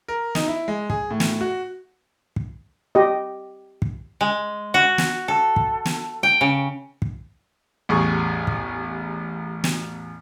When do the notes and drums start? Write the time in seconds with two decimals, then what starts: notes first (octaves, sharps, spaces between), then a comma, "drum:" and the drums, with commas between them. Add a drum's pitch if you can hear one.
0.08 A#4
0.35 D#4, drum: snare
0.48 E4
0.68 G#3
0.90 G#4, drum: kick
1.10 A2
1.20 drum: snare
1.41 F#4
2.36 drum: kick
2.95 G4 D#5
3.82 drum: kick
4.21 G#3
4.74 F#4
4.98 drum: snare
5.28 A4
5.56 drum: kick
5.85 drum: snare
6.23 G5
6.41 C#3
7.02 drum: kick
7.89 A1 E2 G3 G#4 C#6
8.47 drum: kick
9.64 drum: snare